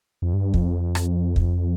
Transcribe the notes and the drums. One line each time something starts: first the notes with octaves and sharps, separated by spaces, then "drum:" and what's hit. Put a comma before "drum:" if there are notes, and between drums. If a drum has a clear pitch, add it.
F2
G2
F2, drum: kick
drum: rim click
drum: kick